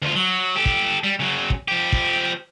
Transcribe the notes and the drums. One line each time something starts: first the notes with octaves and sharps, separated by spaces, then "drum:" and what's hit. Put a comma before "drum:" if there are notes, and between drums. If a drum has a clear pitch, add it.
D2 F4
F#3
G4 A4
drum: kick
G3
C#3 F#3
drum: kick
F3 G4
drum: kick